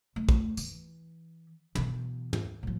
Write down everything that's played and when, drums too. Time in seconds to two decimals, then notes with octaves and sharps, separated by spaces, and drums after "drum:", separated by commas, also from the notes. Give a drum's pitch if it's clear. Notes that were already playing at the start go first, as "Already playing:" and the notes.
0.16 A3
0.29 drum: kick
0.57 E3, drum: tambourine
1.75 B2 E3, drum: tom
2.33 drum: tom
2.63 A2 F3